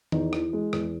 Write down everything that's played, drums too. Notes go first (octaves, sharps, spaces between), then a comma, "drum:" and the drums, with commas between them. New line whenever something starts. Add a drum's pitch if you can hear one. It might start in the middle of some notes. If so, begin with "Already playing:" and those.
E2 D#4, drum: tom D#3
E3, drum: rim click
G#3
E2, drum: rim click